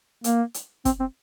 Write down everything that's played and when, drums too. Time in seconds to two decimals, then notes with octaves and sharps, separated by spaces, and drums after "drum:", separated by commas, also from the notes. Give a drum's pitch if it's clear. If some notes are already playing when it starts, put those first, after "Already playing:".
0.24 A#3, drum: hi-hat
0.54 drum: hi-hat
0.85 C4, drum: kick, hi-hat
1.00 C4